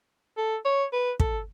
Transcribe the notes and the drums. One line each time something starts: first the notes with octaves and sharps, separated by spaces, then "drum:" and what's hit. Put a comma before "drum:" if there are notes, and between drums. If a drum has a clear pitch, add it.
A4
C#5
B4
A4, drum: kick